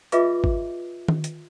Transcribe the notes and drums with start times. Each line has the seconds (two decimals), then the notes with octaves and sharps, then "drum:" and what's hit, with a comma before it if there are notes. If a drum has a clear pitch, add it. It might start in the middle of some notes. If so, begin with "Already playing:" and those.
0.12 F4 G#4 B4 D#5 E5 D6, drum: hi-hat
0.44 drum: kick
1.08 drum: tom D#3
1.24 drum: hi-hat